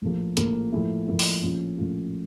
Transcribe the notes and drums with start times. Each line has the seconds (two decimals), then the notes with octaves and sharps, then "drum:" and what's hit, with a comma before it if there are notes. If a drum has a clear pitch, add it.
0.02 A#1 A2 F3 A#3
0.37 A#1 A2 F3 A#3, drum: hi-hat
0.72 A2 F3 A#3 E4
1.07 A2 F3 A#3 E4
1.19 drum: open hi-hat
1.43 A#1 A2 F3 C#4 F4
1.78 A#1 A2 F3 C#4 F4